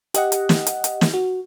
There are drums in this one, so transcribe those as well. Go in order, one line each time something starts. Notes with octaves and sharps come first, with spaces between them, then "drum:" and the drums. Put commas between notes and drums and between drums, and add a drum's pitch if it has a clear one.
G4 D#5 F#5, drum: hi-hat
drum: hi-hat
drum: snare
drum: hi-hat
drum: hi-hat
drum: snare
F#4